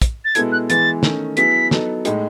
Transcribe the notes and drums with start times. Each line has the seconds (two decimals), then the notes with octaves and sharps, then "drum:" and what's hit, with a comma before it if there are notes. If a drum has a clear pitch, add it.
0.02 drum: kick, hi-hat
0.25 A6
0.35 B2 G#3 B3 E4 A4 G#6, drum: hi-hat
0.52 F#6
0.70 E3 G#3 B3 E4 A6, drum: hi-hat
1.03 D#3 A3 C#4, drum: snare
1.37 F#3 B3 E4 G#4 B6, drum: hi-hat
1.71 F#3 B3 D#4 A4, drum: snare
2.05 A2 G#3 D#4, drum: hi-hat